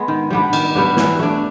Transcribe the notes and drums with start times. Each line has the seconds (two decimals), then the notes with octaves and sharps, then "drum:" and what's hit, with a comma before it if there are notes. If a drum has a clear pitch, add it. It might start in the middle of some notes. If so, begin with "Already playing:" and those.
Already playing: G#3 B3
0.08 D#3
0.30 G3 B3 D4
0.53 D#3, drum: cymbal
0.75 G3 B3 D4
0.97 E3, drum: snare
1.19 A3 D4